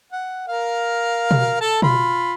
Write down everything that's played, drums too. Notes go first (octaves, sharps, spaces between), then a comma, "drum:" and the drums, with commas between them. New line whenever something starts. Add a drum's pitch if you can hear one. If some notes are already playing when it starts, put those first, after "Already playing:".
F#5
A#4 F5
drum: tom B2
A4 A5
F4 B5, drum: tom B2